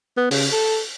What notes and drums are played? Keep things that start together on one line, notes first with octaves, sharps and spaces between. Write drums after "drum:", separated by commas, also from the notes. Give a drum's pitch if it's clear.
B3
C#3, drum: open hi-hat
A4